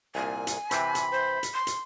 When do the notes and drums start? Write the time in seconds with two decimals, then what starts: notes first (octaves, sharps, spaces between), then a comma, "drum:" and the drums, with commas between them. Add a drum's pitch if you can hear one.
0.15 C2 A#2 G#5
0.47 drum: hi-hat
0.71 C3 E3 C4 B5, drum: hi-hat
0.95 drum: hi-hat
1.12 C5
1.43 drum: hi-hat
1.54 C6
1.67 drum: hi-hat